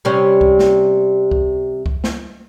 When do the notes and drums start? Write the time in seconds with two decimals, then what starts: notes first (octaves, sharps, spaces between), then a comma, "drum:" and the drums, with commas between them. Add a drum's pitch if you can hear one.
0.05 C3 G3 C#4
0.41 drum: kick C#2
0.59 drum: snare
1.31 drum: kick C#2
1.86 drum: kick C#2
2.04 drum: snare